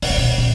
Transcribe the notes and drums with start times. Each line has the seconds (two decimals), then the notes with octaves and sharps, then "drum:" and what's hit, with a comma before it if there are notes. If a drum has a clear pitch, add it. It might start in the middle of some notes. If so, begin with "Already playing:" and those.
0.02 B2, drum: open hi-hat
0.10 D3
0.18 B2
0.38 A#2